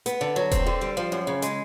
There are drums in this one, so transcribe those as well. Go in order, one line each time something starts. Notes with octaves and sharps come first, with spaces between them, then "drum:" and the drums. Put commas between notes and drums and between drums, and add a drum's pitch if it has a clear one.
B3, drum: hi-hat
D3
F#3
C4, drum: kick E1, hi-hat
D3
G3
F3
F#2
C#3
G#3, drum: hi-hat